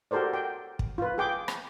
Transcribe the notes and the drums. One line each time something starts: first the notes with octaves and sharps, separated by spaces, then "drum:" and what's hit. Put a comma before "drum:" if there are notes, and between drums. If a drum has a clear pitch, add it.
F#4 G4 A4 A#4 C5 D5
G5
drum: kick
F4 B4
G#4 G5 D6
drum: rim click